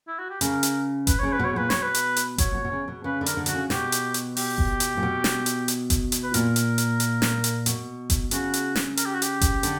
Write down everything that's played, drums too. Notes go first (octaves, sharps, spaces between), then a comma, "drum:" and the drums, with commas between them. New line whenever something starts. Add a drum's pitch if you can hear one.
E4
F#4
G4
C#3 A#4, drum: hi-hat
drum: hi-hat
B4, drum: kick F#1, hi-hat
C#3 C#5
B4
B2
C#5
A#2 B4
B2 C#5, drum: snare
B4
drum: hi-hat
drum: hi-hat
B2 C#5, drum: kick F#1, hi-hat
B2
B2
C#3
B2
C#3 B4
D3
A#4, drum: hi-hat
D3
B2 F#4, drum: hi-hat
C#3
B2 G4, drum: snare
drum: hi-hat
drum: hi-hat
G4, drum: open hi-hat
drum: kick F#1
drum: hi-hat
A#2
B2
drum: snare
drum: hi-hat
drum: hi-hat
drum: kick F#1, hi-hat
drum: hi-hat
B4
A#2 A#4, drum: hi-hat
drum: hi-hat
drum: hi-hat
drum: hi-hat
drum: snare
drum: hi-hat
B2, drum: hi-hat
drum: kick F#1, hi-hat
C#3 F#4, drum: hi-hat
drum: hi-hat
drum: snare
A#4, drum: hi-hat
G4
F#4
G4, drum: hi-hat
drum: kick F#1, hi-hat
D3, drum: hi-hat